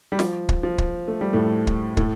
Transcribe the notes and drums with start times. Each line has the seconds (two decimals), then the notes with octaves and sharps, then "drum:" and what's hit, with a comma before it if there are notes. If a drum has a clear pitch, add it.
0.12 G3
0.19 F3, drum: snare
0.49 drum: kick
0.63 F3
0.78 drum: kick
1.08 A3
1.21 G3
1.33 A2 A3
1.67 drum: kick
1.97 A2 A3, drum: kick